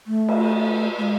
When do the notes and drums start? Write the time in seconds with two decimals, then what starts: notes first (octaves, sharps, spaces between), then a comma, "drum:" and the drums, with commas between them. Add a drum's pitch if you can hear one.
0.07 A3
0.29 drum: cymbal
0.98 A3
1.02 G#3